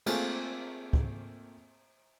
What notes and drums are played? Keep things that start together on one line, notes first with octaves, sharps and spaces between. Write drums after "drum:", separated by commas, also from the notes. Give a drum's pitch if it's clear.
A3 A#3 C4 F4 G#4 G#5, drum: cymbal
drum: kick